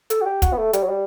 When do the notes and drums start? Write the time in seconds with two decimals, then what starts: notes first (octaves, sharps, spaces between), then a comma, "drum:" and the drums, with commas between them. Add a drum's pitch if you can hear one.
0.10 A4, drum: hi-hat
0.21 F#4
0.26 G4
0.42 F#4, drum: kick, hi-hat
0.53 B3
0.58 A3
0.73 G3, drum: hi-hat
0.83 F#3
0.89 G3